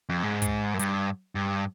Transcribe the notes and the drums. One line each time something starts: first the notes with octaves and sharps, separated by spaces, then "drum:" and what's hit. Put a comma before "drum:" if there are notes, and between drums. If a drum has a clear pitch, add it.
F2
G#2
drum: kick, hi-hat
F#2
G2, drum: hi-hat
G2